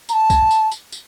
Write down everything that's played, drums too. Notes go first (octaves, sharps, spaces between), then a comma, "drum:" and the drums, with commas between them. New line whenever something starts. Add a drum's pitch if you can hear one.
A#5, drum: tambourine
A5
drum: kick, tambourine
drum: tambourine
drum: tambourine
drum: tambourine